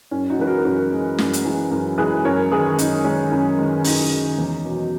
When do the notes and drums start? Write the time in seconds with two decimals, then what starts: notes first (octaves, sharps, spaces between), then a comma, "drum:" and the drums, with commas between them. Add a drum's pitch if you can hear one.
0.11 F#2 C#4
0.30 D#4 F#4
0.38 E3 G#3 B4
0.47 F#4 A#4
0.65 F#2 A#4 C#5
0.92 E3 G#3
1.18 F#2, drum: snare
1.33 drum: hi-hat
1.45 E3 G#3
1.71 F#2
1.98 E3 G#3 G#4 B4
2.25 F#2 A#4 C#5
2.51 D#3 G#3 G#4 B4
2.79 F#2 D#4, drum: hi-hat
3.04 D#3 G#3 C#4
3.32 F#2
3.58 D#3 G#3
3.84 F#2 D#4, drum: open hi-hat
4.12 D#3 G#3
4.38 E2
4.65 B2 F#3